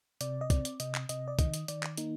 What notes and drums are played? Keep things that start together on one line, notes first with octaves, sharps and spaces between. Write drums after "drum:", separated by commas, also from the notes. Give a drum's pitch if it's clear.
C3 D5, drum: hi-hat
D#5
C4 D5, drum: kick, hi-hat
drum: hi-hat
C3 D#5, drum: hi-hat
drum: clap
C3 D#5, drum: hi-hat
D5
D#3 D#5, drum: kick, hi-hat
drum: hi-hat
D#3 D5, drum: hi-hat
drum: clap
A#3 D#4, drum: hi-hat